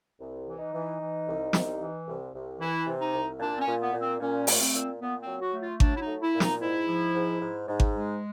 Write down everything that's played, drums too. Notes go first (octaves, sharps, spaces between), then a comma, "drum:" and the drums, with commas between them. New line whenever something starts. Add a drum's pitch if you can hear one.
C2
E3
D#4
E3
E3
C2
C2, drum: snare
E3
C2
C2
E3 E4
C3
D#4
C2
A#2 D4
C4
C#4
A#2
B3
A#2
C4
A#2 C#4
A3, drum: open hi-hat
C4
A#2
A#2 B3
C4
F#3
F#4
A3
F4
F#3 D4, drum: kick G#1
E4
D#4
A3
E4
A#2
D#4, drum: snare
G#2 E4
F3
G#2
G#2
G#2
drum: kick G#1
G#3